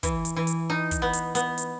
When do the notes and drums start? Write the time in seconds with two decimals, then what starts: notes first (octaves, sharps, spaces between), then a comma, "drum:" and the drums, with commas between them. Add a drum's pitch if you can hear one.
0.03 E3, drum: kick, hi-hat
0.25 drum: hi-hat
0.36 E3
0.47 drum: hi-hat
0.70 D#4
0.91 drum: kick, hi-hat
1.02 B3
1.13 drum: hi-hat
1.35 B3, drum: hi-hat
1.58 drum: hi-hat